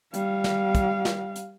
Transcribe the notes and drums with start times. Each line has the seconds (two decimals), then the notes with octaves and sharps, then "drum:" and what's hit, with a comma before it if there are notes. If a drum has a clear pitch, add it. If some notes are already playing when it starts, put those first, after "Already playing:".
0.14 G3 F5, drum: hi-hat
0.44 drum: snare
0.75 drum: kick, hi-hat
1.05 drum: snare
1.36 drum: hi-hat